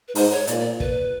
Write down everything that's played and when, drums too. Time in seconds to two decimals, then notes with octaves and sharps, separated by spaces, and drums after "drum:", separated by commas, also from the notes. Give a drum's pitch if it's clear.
0.08 B4
0.15 G#2 C5, drum: open hi-hat
0.31 C#5
0.47 A#2 D5, drum: hi-hat
0.59 D5
0.80 B4, drum: kick